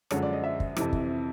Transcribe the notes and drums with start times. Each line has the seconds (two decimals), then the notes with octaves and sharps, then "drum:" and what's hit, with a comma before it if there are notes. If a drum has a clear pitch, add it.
0.11 F#2 D3 F3 G#3 C#5, drum: rim click
0.22 D5
0.33 D#5
0.44 E5
0.60 drum: kick
0.76 F2 C3 E3, drum: rim click
0.93 drum: kick